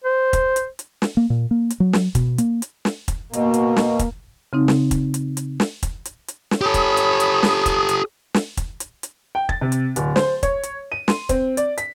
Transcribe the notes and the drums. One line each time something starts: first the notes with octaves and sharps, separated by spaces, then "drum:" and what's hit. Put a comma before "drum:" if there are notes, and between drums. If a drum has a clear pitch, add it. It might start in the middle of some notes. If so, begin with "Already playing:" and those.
C5
drum: kick, hi-hat
drum: hi-hat
drum: hi-hat
drum: snare
A#3
A#2
A#3
drum: hi-hat
F#3
drum: snare
B2, drum: kick, hi-hat
A#3, drum: hi-hat
drum: hi-hat
drum: snare
drum: kick, hi-hat
B2 A#3, drum: hi-hat
drum: hi-hat
drum: snare
drum: kick, hi-hat
C#3 C4 D#4
drum: snare
drum: kick, hi-hat
drum: hi-hat
drum: hi-hat
drum: snare
drum: kick, hi-hat
drum: hi-hat
drum: hi-hat
drum: snare
G4 A4 C#5 B5 D#6
drum: kick, hi-hat
drum: hi-hat
drum: hi-hat
drum: snare
drum: kick, hi-hat
drum: hi-hat
drum: snare
drum: kick, hi-hat
drum: hi-hat
drum: hi-hat
G5
A6, drum: kick
C3
drum: hi-hat
D1, drum: hi-hat
C5, drum: snare
C#5, drum: kick, hi-hat
drum: hi-hat
D#7
C6, drum: snare
C4, drum: kick, hi-hat
D5, drum: hi-hat
B6, drum: hi-hat